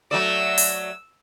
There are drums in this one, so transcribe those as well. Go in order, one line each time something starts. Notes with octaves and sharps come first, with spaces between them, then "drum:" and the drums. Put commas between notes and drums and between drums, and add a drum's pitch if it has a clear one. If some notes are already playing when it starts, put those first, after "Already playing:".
F#3 A3 D5 E6
drum: open hi-hat